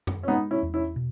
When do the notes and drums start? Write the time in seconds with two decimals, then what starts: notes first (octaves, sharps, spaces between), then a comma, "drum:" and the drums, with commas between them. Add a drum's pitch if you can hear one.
0.07 drum: tom F#2
0.23 C#4
0.28 G#3 B3 D#4
0.51 C#4 E4
0.63 E2
0.74 C#4 E4
0.96 B2